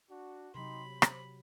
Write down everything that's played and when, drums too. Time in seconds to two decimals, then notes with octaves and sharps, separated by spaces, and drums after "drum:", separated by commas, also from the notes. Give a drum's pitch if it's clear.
0.10 D4 F#4
0.55 C3 F#3 D#4 G4 B5 C6
0.93 C5
1.02 drum: rim click